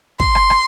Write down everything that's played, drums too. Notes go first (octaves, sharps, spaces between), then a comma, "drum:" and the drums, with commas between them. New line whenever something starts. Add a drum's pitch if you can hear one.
C6, drum: kick
drum: rim click
drum: rim click